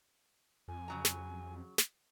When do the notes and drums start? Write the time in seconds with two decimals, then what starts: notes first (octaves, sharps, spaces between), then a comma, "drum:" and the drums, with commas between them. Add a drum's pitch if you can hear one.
0.68 F2 G#5
0.88 C#3 F#3 A#5
1.05 drum: snare
1.78 drum: snare